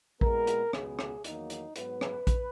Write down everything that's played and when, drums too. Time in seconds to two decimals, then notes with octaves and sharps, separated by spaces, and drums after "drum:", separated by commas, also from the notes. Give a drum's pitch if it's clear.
0.21 A#2 G#3 B3 A#4, drum: kick A#1
0.47 drum: hi-hat
0.73 C#2 B2 F#3 B3 G#4, drum: rim click
0.99 drum: rim click
1.24 E2 D#3 F#3 A#3 D#4, drum: hi-hat
1.50 drum: hi-hat
1.76 G#2 F#3 B3 B4, drum: hi-hat
2.01 drum: rim click
2.27 drum: kick A#1, hi-hat